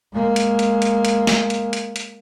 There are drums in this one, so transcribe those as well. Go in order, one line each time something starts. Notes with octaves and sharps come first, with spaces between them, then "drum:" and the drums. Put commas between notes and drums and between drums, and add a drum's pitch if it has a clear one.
G#3 A#3
drum: hi-hat
drum: hi-hat
drum: hi-hat
drum: hi-hat
drum: snare
drum: hi-hat
drum: hi-hat
drum: hi-hat